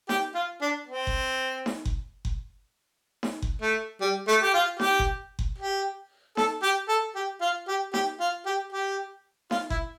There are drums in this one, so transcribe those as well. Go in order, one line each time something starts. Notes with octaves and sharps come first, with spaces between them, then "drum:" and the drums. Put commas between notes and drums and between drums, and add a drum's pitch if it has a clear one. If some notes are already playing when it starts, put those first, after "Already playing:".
G4, drum: snare D#4
F4
D4
C4
drum: kick F#1
drum: snare D#4
drum: kick F#1
drum: kick F#1
drum: snare D#4
drum: kick F#1
A3
G3
A3
G4
F4
G4, drum: snare D#4
drum: kick F#1
drum: kick F#1
G4
A4, drum: snare D#4
G4
A4
G4
F4
G4
G4, drum: snare D#4
F4
G4
G4
F4, drum: snare D#4
E4, drum: kick F#1